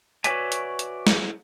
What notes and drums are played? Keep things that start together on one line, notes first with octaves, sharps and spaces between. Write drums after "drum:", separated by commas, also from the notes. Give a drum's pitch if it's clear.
F#4 B4 C#5 D5 E5 G#5, drum: hi-hat
drum: hi-hat
drum: hi-hat
drum: snare